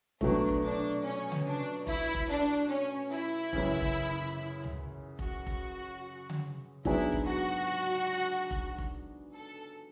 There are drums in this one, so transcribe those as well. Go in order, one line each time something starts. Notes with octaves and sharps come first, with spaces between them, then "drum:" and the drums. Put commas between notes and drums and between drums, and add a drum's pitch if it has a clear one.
B2 F#3 A3 D4, drum: kick F1
drum: kick F1
D4
C#4
drum: tom C#3
D4
E4, drum: kick F1
drum: kick F1
D4
C#4
E4
F#2 C#3 E3, drum: kick F1
drum: kick F1
drum: tom C#2
F#4, drum: kick F1
drum: kick F1
drum: tom C#3
G#2 F#3 B3 D4 E4 G#4, drum: kick F1
drum: kick F1
F#4
drum: kick F1
drum: kick F1
A4